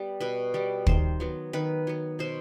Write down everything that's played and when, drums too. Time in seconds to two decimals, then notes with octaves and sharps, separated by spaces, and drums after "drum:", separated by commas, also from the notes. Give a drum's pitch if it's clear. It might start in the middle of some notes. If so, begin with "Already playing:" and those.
Already playing: G3 B3
0.20 B2 B4
0.54 G3 B3
0.87 D#3 C5, drum: kick
1.20 F#3 B3
1.53 D#3 B4
1.87 F#3 B3
2.19 B2 C5